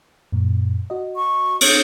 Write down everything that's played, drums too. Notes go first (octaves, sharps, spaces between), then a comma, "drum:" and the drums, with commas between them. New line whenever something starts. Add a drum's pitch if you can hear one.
F#2 A#2
F#4 D#5
C#6
C#5, drum: cymbal